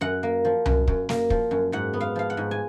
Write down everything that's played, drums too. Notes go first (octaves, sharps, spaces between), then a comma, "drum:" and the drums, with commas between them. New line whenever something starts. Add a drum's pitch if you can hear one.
F#2 F#5
A#3
F3
F#2, drum: tom C2
F#2, drum: kick
A#3, drum: snare
F3, drum: kick
F#2
G#2 F#5
B3
F5
F3 F5
F#5
G#2
G#5